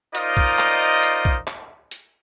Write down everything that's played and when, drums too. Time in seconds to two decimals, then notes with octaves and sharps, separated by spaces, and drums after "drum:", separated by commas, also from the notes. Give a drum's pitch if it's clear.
0.15 D#4 F4 A#4 C5 D5 D#5, drum: hi-hat
0.37 drum: kick
0.59 drum: clap
1.03 drum: hi-hat
1.25 drum: kick
1.47 drum: clap
1.91 drum: hi-hat